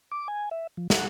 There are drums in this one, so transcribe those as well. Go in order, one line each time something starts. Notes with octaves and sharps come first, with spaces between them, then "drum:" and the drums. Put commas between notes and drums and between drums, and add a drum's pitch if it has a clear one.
D6
G#5
E5
F3
F#5, drum: snare